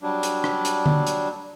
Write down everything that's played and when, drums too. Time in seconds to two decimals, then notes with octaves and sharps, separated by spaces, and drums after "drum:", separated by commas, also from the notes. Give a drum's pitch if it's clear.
0.02 F#3 G3 D4
0.23 drum: hi-hat
0.44 drum: rim click
0.65 drum: hi-hat
0.86 drum: tom
1.07 drum: hi-hat